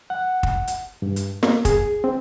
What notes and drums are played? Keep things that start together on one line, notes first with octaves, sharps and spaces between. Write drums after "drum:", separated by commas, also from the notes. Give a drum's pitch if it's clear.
F#5
drum: kick
drum: hi-hat
G2
drum: hi-hat
A#3, drum: snare
G#4, drum: kick, hi-hat
C4